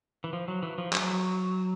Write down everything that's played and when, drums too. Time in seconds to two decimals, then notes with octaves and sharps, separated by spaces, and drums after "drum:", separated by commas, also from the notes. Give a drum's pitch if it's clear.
0.24 E3
0.33 F3
0.48 F#3
0.63 E3
0.78 F3
0.93 F#3, drum: clap